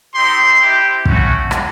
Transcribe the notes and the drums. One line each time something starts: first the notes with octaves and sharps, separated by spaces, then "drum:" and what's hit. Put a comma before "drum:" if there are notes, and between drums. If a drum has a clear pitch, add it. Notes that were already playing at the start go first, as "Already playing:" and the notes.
C4 D#4 G4 C6
C4 E4 G4
A3 C#4 F#4, drum: kick
drum: rim click